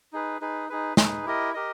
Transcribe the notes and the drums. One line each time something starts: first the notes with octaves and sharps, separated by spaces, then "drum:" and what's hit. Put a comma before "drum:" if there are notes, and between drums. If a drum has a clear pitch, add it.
D#4 G#4 B4
D#4 G#4 B4
D#4 G#4 B4
D#4 G#4 B4, drum: snare
E4 G4 A#4 D#5
G4 A#4 D#5